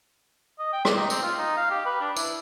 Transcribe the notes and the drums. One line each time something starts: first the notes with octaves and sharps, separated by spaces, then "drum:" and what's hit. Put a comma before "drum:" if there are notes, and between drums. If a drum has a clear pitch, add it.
D#5
G5
D5, drum: rim click
D#4
C4, drum: tambourine
F4
D#4
F5
G4
B4
D4
E4, drum: tambourine